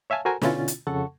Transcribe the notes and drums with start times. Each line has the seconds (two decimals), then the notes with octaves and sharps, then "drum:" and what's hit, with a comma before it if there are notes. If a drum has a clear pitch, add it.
0.10 C#5 E5 F5 G#5 A5
0.25 F#4 A4 A#4 C5 G#5 A#5
0.42 B2 D3 C#4 E4 F4 A6, drum: snare
0.68 drum: hi-hat
0.87 F2 C#3 A4 F#5 A5 C#6